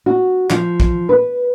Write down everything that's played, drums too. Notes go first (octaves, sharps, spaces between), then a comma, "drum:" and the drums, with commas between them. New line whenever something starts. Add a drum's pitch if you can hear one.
F#4
F3, drum: clap
drum: kick
B4